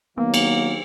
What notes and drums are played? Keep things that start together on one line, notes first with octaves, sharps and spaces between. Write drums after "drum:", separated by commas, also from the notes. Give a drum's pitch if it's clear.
D#3 F#3 A#3 B3
drum: cymbal